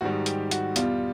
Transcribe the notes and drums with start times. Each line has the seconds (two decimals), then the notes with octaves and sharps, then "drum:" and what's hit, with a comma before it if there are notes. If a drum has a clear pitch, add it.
0.01 G#2 D#3 G3 F#4
0.26 G4, drum: hi-hat
0.51 F#4, drum: hi-hat
0.76 E2 B2 G3 F4, drum: hi-hat